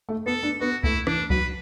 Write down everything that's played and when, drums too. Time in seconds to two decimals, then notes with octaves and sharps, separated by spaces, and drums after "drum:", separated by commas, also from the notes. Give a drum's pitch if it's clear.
0.09 A3
0.26 B3 A4
0.43 D4
0.60 B3 F#4
0.84 A3 E4, drum: kick C#2
1.07 E3 D4, drum: rim click
1.30 F#3 B4, drum: kick C#2